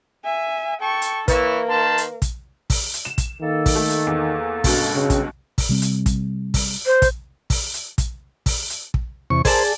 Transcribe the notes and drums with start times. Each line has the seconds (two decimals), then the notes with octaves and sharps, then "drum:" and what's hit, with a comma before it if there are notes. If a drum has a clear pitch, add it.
0.25 E5 G#5
0.81 A4 G5 C#6
1.02 drum: hi-hat
1.28 E3 A#3 E4 B4 C#5, drum: kick, hi-hat
1.69 D#3 A5 C6
1.98 drum: hi-hat
2.22 drum: kick, hi-hat
2.70 drum: kick, open hi-hat
2.94 drum: hi-hat
3.05 E7
3.18 drum: kick, hi-hat
3.42 D#3 A#3 A4
3.66 drum: kick, open hi-hat
3.75 A3
3.90 drum: hi-hat
4.07 E2
4.64 C#2 G2 B2, drum: kick, open hi-hat
4.95 C#3 C4
5.10 drum: kick, hi-hat
5.58 drum: kick, open hi-hat
5.69 C3 G3 C4
5.82 drum: hi-hat
6.06 drum: kick, hi-hat
6.54 drum: kick, open hi-hat
6.86 C5
7.02 drum: kick, hi-hat
7.50 drum: kick, open hi-hat
7.74 drum: hi-hat
7.98 drum: kick, hi-hat
8.46 drum: kick, open hi-hat
8.70 drum: hi-hat
8.94 drum: kick
9.30 E2 C3 C#6
9.45 G#4 A#4 C5 D5 A5, drum: kick, open hi-hat